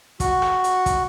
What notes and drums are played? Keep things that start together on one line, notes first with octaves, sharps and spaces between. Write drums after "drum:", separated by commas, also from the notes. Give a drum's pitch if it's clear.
F#4, drum: kick, hi-hat
drum: rim click
drum: hi-hat
drum: kick, hi-hat